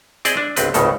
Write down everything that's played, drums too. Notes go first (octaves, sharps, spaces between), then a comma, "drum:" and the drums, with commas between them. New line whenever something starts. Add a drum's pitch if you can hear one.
C4 E4 G#4 D5 D#5, drum: hi-hat
D4
G1 C#2 C4 B4, drum: hi-hat
G#1 C#2 A2 C#3 A4, drum: hi-hat